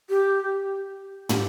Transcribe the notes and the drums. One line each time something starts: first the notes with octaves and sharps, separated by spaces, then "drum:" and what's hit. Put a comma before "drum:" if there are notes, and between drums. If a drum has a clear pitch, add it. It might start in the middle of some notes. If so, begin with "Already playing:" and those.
G4
G4, drum: tom